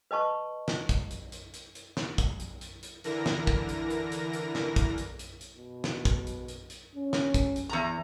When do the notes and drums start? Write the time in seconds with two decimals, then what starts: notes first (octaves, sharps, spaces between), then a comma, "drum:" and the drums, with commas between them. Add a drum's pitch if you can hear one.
0.11 B4 D#5 A5 C#6
0.68 drum: snare
0.89 drum: kick, hi-hat
1.11 drum: hi-hat
1.32 drum: hi-hat
1.54 drum: hi-hat
1.75 drum: hi-hat
1.97 drum: snare
2.18 drum: kick, hi-hat
2.40 drum: hi-hat
2.61 drum: hi-hat
2.83 drum: hi-hat
3.04 D3 E3 A#4 A#6, drum: hi-hat
3.26 drum: snare
3.47 drum: kick
3.69 drum: hi-hat
3.90 drum: hi-hat
4.12 drum: hi-hat
4.33 drum: hi-hat
4.55 drum: snare
4.76 drum: kick, hi-hat
4.98 drum: hi-hat
5.19 drum: hi-hat
5.41 drum: hi-hat
5.57 B2
5.84 drum: snare
6.05 drum: kick, hi-hat
6.27 drum: hi-hat
6.48 drum: hi-hat
6.70 drum: hi-hat
6.95 C#4
7.13 drum: snare
7.34 drum: kick, hi-hat
7.56 drum: hi-hat
7.69 E2 A#5